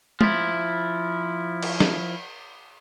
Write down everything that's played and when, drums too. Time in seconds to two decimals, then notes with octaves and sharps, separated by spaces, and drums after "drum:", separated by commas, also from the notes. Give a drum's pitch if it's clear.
0.21 F3 E4, drum: tom
1.63 drum: cymbal
1.80 drum: snare